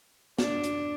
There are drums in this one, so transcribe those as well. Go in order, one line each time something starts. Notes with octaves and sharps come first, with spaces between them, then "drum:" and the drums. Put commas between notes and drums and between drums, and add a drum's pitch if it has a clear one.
D4, drum: snare
drum: hi-hat